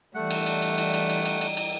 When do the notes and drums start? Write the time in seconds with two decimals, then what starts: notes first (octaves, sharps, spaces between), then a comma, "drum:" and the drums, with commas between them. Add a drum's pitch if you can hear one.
0.15 E3 G3 A3 D4 F#5
0.31 drum: cymbal
0.46 drum: cymbal
0.62 drum: cymbal
0.78 drum: cymbal
0.94 drum: cymbal
1.10 drum: cymbal
1.25 drum: cymbal
1.41 drum: cymbal
1.57 drum: cymbal